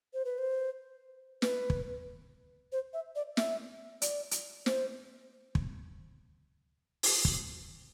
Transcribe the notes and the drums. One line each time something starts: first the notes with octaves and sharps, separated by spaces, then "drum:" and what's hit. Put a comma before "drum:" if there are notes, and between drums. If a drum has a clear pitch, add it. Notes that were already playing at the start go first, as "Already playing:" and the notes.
C5
B4
C5
B4, drum: snare
drum: kick
C5
E5
D5
E5, drum: snare
D5, drum: hi-hat
drum: hi-hat
C5, drum: snare
drum: kick
drum: open hi-hat
drum: kick